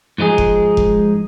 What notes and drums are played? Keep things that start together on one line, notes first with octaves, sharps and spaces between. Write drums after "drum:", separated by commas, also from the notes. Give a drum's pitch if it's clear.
G#2 F3 G#3 D#4 G#4
drum: kick F1
drum: kick F1